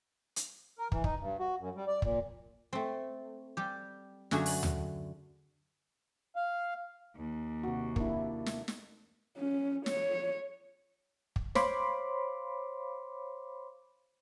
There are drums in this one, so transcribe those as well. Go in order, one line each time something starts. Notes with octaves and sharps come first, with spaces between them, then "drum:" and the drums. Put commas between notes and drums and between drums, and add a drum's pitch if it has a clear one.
drum: hi-hat
A#4
E3, drum: kick
D#4, drum: kick
G2
F#4
F#2
G3
D5
A#2, drum: kick
A3 C4
G3 G4
F#2 D3 A3 F#4 G#4 A#5, drum: snare
drum: open hi-hat
drum: tom D2
F5
D#2
C3 F#4
A#3 D4 E4, drum: kick
drum: snare
drum: snare
C#4
C#5, drum: snare
drum: kick
C5 C#5 F5 B5 C6 D6, drum: snare